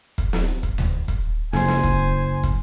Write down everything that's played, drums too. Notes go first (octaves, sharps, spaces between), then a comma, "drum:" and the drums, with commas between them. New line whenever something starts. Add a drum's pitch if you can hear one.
drum: kick
drum: snare
drum: kick
drum: tom D2
drum: kick
F#1 C5 G#5, drum: snare
drum: snare
drum: kick
drum: kick